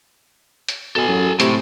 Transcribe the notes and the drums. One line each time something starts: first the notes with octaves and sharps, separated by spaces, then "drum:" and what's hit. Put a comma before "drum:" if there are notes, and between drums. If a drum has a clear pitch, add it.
drum: hi-hat
B2 A4 G#5
F#2
A2 C3, drum: hi-hat